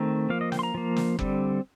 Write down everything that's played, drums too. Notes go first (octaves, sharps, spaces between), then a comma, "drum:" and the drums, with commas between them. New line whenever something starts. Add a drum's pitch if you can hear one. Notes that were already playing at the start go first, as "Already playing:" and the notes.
Already playing: D#3 A3 C4 A#5
F3 A#3 F5
D#5
G5, drum: snare
C6
A#5
F3 A#3
drum: snare
D3 G3 C4, drum: kick F#1